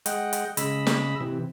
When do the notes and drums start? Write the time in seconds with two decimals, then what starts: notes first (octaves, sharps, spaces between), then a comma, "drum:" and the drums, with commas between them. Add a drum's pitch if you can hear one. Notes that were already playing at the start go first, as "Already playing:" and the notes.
0.06 G#3 D#5 F#5 G5, drum: hi-hat
0.33 drum: hi-hat
0.57 C#3 G#3 D#5 B5 E6, drum: hi-hat
0.87 drum: snare
1.21 C3 E3